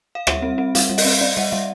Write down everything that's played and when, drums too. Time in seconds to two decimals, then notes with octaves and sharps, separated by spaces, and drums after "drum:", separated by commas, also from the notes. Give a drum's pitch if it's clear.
0.15 F5
0.27 G3 E5, drum: rim click
0.42 C4
0.58 C4
0.75 G3 F5, drum: hi-hat
0.89 G3
0.98 D#5, drum: open hi-hat
1.05 C4
1.21 C4 D5
1.37 G3 E5
1.52 G3 E5